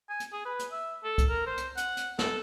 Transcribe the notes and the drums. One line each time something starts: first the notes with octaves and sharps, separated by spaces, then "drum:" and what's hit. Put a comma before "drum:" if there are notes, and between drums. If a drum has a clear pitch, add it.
G#5
drum: hi-hat
G#4
B4
drum: hi-hat
E5
A4
drum: kick C2, hi-hat
A#4
C5
drum: hi-hat
F#5, drum: hi-hat
drum: hi-hat
A4, drum: snare